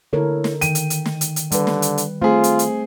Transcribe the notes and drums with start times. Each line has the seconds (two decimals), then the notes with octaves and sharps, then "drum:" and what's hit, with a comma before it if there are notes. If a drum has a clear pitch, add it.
0.13 D3 E4 A4 A#4 C#5
0.44 drum: snare
0.61 D#3 G5 D#7, drum: hi-hat
0.75 drum: hi-hat
0.90 drum: hi-hat
1.06 drum: snare
1.21 drum: hi-hat
1.36 drum: hi-hat
1.52 D3 G3 B4, drum: hi-hat
1.67 drum: snare
1.82 drum: hi-hat
1.98 drum: hi-hat
2.22 A3 C4 F4 G#4
2.44 drum: hi-hat
2.59 drum: hi-hat